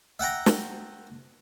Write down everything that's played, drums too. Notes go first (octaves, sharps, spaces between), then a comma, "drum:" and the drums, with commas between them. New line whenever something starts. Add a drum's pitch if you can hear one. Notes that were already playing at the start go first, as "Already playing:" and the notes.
E5 F#5 G5 A#5
drum: snare